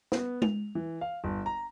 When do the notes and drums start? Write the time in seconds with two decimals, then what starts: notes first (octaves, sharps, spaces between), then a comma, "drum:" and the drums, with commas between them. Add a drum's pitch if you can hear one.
0.12 B3, drum: snare
0.42 F7, drum: tom G#3
0.75 E3
1.01 F5
1.24 G1
1.46 A#5